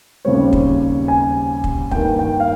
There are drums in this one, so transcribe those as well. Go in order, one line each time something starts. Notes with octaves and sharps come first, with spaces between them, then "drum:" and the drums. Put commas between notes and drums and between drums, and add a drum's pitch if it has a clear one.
D#2 C#3 G3 C4 C#5
drum: kick
G#5
drum: kick
G2 D#3 A#3 G5, drum: kick
G5
F5